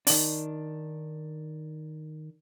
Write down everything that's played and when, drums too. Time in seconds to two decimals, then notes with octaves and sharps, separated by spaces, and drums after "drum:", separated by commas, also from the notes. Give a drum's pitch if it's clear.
0.07 D#3 D4, drum: open hi-hat